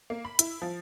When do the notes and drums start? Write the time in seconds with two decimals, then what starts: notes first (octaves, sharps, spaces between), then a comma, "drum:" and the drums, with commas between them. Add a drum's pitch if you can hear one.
0.10 A#3
0.25 B5
0.39 E4, drum: hi-hat
0.62 F3